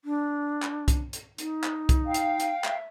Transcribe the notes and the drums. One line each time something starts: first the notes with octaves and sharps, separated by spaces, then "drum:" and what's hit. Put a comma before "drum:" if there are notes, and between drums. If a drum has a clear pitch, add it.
D4
drum: clap
drum: kick C2, hi-hat
drum: hi-hat
D#4, drum: hi-hat
drum: clap
drum: kick C2, hi-hat
F5 G5
drum: hi-hat
drum: hi-hat
E5, drum: clap